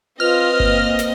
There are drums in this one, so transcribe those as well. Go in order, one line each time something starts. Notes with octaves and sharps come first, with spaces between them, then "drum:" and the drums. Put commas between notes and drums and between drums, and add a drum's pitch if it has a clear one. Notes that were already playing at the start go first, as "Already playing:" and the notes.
C4 F4 B4 D#5 F6
A#3, drum: kick G1
drum: snare